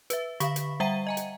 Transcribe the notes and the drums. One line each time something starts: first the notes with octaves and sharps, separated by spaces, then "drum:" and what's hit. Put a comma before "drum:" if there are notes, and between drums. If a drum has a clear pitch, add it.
B4 E5, drum: hi-hat
D3 F5 B5 C#6 B6, drum: hi-hat
drum: hi-hat
G3 E5 F#5 G5 A#5 D#7
D#5 G#5 A#5
drum: hi-hat